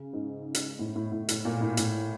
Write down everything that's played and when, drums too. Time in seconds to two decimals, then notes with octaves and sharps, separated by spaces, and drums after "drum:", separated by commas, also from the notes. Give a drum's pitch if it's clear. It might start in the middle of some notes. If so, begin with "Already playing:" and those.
Already playing: C#3
0.13 G#2
0.55 drum: hi-hat
0.79 A2
0.96 A2
1.12 A2
1.29 A2, drum: hi-hat
1.45 A#2
1.61 A2
1.77 A2, drum: hi-hat